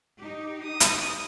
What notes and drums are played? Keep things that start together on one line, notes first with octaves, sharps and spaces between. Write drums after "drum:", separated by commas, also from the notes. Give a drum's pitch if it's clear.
D#4 G4
D#6
drum: hi-hat